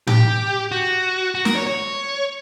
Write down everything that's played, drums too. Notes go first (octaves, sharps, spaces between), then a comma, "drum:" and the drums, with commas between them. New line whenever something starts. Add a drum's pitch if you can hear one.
G4, drum: tom A2
F#4
F#4
A#4, drum: snare
C#5
C#5